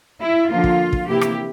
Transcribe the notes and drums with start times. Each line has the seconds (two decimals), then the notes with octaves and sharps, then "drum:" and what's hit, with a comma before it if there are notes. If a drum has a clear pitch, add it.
0.21 E4
0.49 D3 F3 A#3 F4
0.64 drum: kick
0.93 drum: kick
1.07 C3 E3 A#3 E4 G4
1.21 drum: rim click